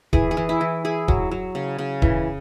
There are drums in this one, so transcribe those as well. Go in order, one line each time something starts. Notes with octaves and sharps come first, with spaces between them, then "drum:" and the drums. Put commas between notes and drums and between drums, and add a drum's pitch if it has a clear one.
E3 G#4, drum: kick
G#4
E3
E4
E3
E4 G#4
F#3, drum: kick
F#3
C#3
C#3
E3, drum: kick